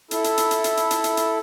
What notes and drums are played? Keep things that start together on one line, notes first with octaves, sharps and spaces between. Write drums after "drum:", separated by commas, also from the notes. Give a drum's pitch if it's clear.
E4 A4, drum: hi-hat
drum: hi-hat
drum: hi-hat
drum: hi-hat
drum: hi-hat
drum: hi-hat
drum: hi-hat
drum: hi-hat
drum: hi-hat